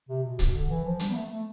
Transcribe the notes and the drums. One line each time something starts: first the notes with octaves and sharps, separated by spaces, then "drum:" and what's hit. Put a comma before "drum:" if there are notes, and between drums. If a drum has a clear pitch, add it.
C3
B2
B2, drum: kick, hi-hat
D3
E3
F3
G3, drum: hi-hat
B3
A3
A3